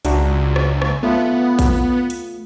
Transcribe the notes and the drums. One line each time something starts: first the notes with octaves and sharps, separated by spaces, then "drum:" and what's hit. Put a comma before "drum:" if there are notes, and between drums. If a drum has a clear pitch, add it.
C#2 D4 F#4 A#5, drum: hi-hat
drum: rim click
drum: rim click
A3 B3 F4
drum: kick A#1, hi-hat
drum: hi-hat